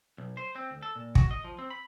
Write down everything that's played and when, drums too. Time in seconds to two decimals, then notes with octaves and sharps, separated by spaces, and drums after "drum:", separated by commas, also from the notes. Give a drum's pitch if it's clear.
0.18 B1
0.37 C5
0.55 C4
0.71 D2
0.83 A4
0.96 A#2
1.15 F#4, drum: kick
1.31 D#5
1.44 F3
1.59 C4
1.70 B5